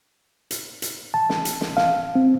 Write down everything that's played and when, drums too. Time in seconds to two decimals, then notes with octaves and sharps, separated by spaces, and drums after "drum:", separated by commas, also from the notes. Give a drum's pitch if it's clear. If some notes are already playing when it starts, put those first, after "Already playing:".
0.51 drum: hi-hat
0.82 drum: hi-hat
1.14 A5
1.29 drum: snare
1.45 drum: hi-hat
1.61 drum: snare
1.77 F5, drum: snare
2.15 C4